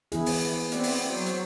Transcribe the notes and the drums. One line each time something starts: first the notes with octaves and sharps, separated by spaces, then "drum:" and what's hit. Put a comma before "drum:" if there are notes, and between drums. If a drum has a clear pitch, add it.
E3 B3 E4 G#4, drum: hi-hat
drum: open hi-hat
B3 C4 D5, drum: hi-hat
drum: open hi-hat
F#3 C5
drum: hi-hat